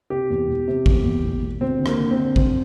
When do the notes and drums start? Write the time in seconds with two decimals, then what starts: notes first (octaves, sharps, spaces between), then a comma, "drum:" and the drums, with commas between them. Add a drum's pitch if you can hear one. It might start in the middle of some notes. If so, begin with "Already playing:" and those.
0.10 C3 G4
0.30 E2
0.48 E1
0.68 C3
0.86 E2, drum: kick A1
1.04 E2
1.24 E1
1.42 E1
1.61 D2 C4
1.79 D3
1.86 A#3, drum: rim click
1.98 D3
2.11 C4
2.17 D3
2.36 D3 C4, drum: kick A1